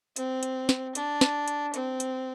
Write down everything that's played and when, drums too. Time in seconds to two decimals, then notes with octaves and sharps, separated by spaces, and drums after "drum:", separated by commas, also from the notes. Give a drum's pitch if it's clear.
0.16 C4, drum: hi-hat
0.43 drum: hi-hat
0.69 drum: snare
0.95 D4, drum: hi-hat
1.21 drum: snare
1.48 drum: hi-hat
1.74 C4, drum: hi-hat
2.00 drum: hi-hat